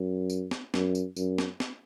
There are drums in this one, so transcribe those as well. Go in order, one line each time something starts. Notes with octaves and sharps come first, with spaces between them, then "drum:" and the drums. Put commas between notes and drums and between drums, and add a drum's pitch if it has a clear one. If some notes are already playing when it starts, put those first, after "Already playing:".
Already playing: F#2
drum: tambourine
drum: snare
F#2, drum: snare
drum: tambourine
F#2, drum: tambourine
drum: snare
drum: snare